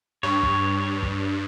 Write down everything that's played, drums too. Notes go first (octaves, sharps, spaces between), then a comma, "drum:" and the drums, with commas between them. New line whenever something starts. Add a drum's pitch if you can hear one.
G2 C#5
drum: kick
drum: kick